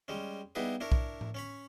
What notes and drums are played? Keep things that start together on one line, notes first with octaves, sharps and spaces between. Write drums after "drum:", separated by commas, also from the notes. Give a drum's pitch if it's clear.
G3 G#3 C#4
G3 B3 D#4 E4 G#4 B4
D4 E4 A#4 C#5
drum: kick B1
drum: tom A2
C#4 C#5 B5